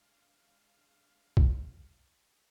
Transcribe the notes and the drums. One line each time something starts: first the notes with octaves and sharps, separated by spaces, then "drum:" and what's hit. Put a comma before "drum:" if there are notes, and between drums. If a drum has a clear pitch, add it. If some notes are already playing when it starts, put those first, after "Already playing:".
Already playing: G#3 D4 F5
drum: kick B1